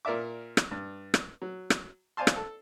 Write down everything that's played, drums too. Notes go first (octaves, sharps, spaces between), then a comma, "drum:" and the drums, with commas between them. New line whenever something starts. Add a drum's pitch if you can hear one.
A#2 A#4 D5 E5 D6
drum: rim click
G2
drum: rim click
F#3
drum: rim click
C5 D5 F5 G#5 A5 C6
drum: rim click
A4